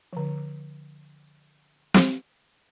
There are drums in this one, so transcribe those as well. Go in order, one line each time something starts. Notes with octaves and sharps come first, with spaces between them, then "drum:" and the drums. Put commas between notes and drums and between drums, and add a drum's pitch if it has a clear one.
D3 F3
drum: snare